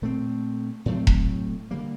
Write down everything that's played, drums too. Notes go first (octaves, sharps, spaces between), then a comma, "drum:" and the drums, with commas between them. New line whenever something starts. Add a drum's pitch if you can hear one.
A#2 A3 C4
A2 F#3 A3 C4
drum: kick E1
D3 G3 A#3